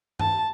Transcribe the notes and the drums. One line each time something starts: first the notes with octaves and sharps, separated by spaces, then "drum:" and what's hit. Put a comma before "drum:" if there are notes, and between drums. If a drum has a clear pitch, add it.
A5, drum: tom G2